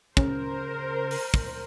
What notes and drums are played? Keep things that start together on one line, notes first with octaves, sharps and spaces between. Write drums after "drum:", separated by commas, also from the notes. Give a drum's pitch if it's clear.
C#3 A#4 C5, drum: kick
drum: open hi-hat
drum: kick